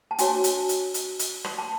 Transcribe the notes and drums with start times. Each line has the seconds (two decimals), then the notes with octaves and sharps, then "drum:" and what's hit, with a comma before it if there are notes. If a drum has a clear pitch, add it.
0.11 A5
0.18 D4 F#4 C#5 G#5, drum: hi-hat
0.44 drum: hi-hat
0.69 drum: hi-hat
0.94 drum: hi-hat
1.19 drum: hi-hat
1.44 drum: rim click
1.58 A5